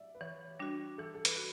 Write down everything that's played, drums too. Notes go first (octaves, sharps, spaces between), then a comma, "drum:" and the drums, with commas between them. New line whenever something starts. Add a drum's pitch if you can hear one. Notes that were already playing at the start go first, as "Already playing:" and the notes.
Already playing: D5 E5
B4
E3 C#5
G3 D4 F#4
E3 A4
A4
B4, drum: hi-hat
F#4